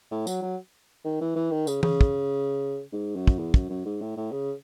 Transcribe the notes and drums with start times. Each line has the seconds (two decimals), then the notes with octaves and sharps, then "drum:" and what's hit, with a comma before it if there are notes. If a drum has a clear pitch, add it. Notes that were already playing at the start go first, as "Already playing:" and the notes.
0.11 A2
0.27 F#3, drum: tambourine
0.42 F#3
1.04 D#3
1.21 E3
1.35 E3
1.51 D#3
1.67 C#3, drum: tambourine
1.83 C#3, drum: tom
2.01 drum: kick
2.92 G#2
3.15 F#2
3.27 drum: kick
3.39 E2
3.54 F#2, drum: kick
3.69 F#2
3.85 G#2
4.01 A2
4.17 A2
4.32 C#3